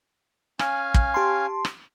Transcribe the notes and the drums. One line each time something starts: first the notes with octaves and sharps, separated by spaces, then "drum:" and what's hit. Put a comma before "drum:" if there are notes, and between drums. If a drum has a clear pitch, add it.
C#4 F5 G#5, drum: rim click
drum: kick
G4 A5 C6
drum: rim click